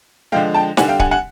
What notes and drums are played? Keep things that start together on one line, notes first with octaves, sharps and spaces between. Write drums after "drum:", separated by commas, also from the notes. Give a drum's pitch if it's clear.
D3 F3 G#3 F5 G5
G5 A5
D3 G3 F#5 G#5, drum: snare
F5 G5
F#5 G#5, drum: kick C#1
F#5 G#5